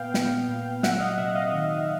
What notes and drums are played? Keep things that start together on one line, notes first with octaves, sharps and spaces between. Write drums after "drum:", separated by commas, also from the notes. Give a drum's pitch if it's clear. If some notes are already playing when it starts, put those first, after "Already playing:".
Already playing: A#2 B3 F5 G5
B3, drum: snare
A#2
F#3 E5 F#5, drum: snare
D#5 F5
C3 E5 F#5
D#5 F5
D#3